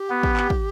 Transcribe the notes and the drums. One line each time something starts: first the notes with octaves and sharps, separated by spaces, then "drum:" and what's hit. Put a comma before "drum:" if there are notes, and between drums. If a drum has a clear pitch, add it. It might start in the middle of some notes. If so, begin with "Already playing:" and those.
Already playing: G4
B3
drum: kick
drum: clap
drum: kick